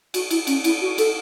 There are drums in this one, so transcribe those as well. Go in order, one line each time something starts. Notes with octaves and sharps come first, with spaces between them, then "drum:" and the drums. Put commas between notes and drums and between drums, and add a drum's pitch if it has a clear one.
F#4, drum: cymbal
E4, drum: cymbal
C#4, drum: cymbal
E4, drum: cymbal
F#4
A4, drum: cymbal